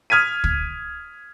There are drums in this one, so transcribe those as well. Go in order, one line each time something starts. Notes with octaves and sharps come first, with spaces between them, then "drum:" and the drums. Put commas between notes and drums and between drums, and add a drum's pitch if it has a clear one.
D#6 F6 G#6 B6 D#7
drum: kick